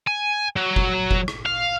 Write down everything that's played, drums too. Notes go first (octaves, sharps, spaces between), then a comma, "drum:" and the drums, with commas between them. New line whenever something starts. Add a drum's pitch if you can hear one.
G#5
F#3
drum: kick
drum: kick
drum: rim click
F5